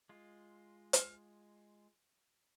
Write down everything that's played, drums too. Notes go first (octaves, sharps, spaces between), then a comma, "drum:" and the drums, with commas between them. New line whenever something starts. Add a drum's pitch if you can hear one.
G#3 F4
drum: hi-hat